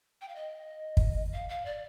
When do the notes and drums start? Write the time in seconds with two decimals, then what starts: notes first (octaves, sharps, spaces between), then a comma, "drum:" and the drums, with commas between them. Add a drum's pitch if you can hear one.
0.21 G5
0.29 F5
0.35 D#5
0.97 drum: kick
1.33 F5
1.49 F5
1.66 D5